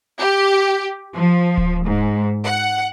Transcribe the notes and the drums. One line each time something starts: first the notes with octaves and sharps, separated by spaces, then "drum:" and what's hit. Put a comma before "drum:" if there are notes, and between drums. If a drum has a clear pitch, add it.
G4
F3
drum: kick D1
G#2
F#5